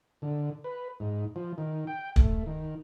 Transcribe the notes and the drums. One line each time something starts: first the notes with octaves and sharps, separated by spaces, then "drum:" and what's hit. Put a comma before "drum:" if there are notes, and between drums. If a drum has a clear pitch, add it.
D3
B4
G#2
F3
D#3
G5
A3, drum: kick
D#3